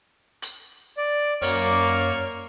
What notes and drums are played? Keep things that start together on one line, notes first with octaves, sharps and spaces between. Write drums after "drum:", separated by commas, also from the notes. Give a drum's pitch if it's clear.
drum: hi-hat
D5
F#2 A#3 C#5 D5 F6, drum: open hi-hat